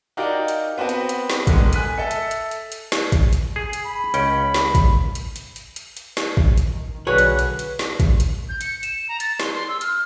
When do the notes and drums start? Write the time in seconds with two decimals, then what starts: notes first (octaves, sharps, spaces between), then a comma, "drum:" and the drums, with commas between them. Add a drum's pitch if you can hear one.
0.17 D#4 F#4 G4 A#4 D5 F5
0.48 drum: hi-hat
0.78 B3 C4 F#4 B4
0.89 drum: hi-hat
1.09 drum: hi-hat
1.30 drum: snare
1.47 G#2 D3 D#3 B3, drum: kick, hi-hat
1.73 G#5 F#6 B6 D#7, drum: hi-hat
1.97 A4 E5 C#7
2.11 drum: hi-hat
2.31 drum: hi-hat
2.51 drum: hi-hat
2.72 drum: hi-hat
2.92 drum: snare
3.12 drum: kick, hi-hat
3.33 drum: hi-hat
3.56 G#4
3.73 drum: hi-hat
3.85 B5
4.14 C#2 C#4 G5, drum: hi-hat
4.54 drum: snare
4.75 drum: kick, hi-hat
5.15 drum: hi-hat
5.36 drum: hi-hat
5.56 drum: hi-hat
5.76 drum: hi-hat
5.97 drum: hi-hat
6.17 drum: snare
6.37 drum: kick
6.57 drum: hi-hat
6.71 D#3
7.07 B1 D3 F#4 G#4 B4 C#5
7.18 drum: hi-hat
7.39 drum: hi-hat
7.59 drum: hi-hat
7.79 drum: snare
8.00 drum: kick, hi-hat
8.20 drum: hi-hat
8.49 G6
8.61 C#7, drum: hi-hat
8.83 E7, drum: hi-hat
9.09 A#5
9.20 A6, drum: hi-hat
9.40 C6, drum: snare
9.53 C6
9.69 E6
9.81 F6, drum: hi-hat